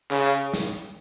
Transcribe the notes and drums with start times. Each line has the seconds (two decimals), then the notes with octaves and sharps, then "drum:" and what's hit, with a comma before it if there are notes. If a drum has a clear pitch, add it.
0.11 C#3, drum: clap
0.24 drum: hi-hat
0.53 drum: snare